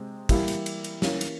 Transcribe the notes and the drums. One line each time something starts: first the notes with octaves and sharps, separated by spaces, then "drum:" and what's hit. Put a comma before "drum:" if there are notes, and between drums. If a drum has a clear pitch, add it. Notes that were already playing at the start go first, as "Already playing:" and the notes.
Already playing: C3 G#3 C4
E3 G3 A#3 E4 G4, drum: kick, cymbal
drum: cymbal
drum: cymbal
drum: cymbal
E3 A#3 C#4, drum: snare
drum: cymbal